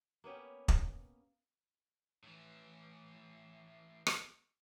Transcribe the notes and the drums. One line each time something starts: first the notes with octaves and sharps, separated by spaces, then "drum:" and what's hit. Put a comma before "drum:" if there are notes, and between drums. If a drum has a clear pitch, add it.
A#3 B3 C#4 G4
drum: kick
A2 E3
drum: rim click